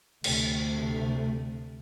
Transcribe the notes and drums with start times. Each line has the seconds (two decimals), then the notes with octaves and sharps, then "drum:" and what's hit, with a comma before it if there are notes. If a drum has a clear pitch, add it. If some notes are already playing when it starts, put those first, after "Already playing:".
0.24 D2 C3 A3, drum: cymbal